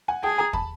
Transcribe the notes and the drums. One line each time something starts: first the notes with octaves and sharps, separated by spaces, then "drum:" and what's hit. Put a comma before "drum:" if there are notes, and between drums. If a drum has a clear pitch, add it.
F#5 G#5
G#4 G5 A5
G#5 A#5
A5 B5, drum: kick